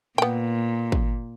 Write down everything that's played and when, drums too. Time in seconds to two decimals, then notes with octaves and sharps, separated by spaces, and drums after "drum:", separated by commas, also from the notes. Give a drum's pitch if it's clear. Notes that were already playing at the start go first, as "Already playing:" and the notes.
0.18 A#2 B3 G5
0.92 drum: kick